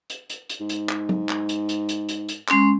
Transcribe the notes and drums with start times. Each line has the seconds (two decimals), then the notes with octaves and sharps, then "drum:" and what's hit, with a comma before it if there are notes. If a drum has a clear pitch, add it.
0.10 drum: hi-hat
0.30 drum: hi-hat
0.49 drum: hi-hat
0.60 G#2
0.69 drum: hi-hat
0.89 drum: clap
1.09 drum: tom F#3
1.29 drum: clap
1.49 drum: hi-hat
1.69 drum: hi-hat
1.89 drum: hi-hat
2.09 drum: hi-hat
2.29 drum: hi-hat
2.48 G#3 C#4 C6, drum: clap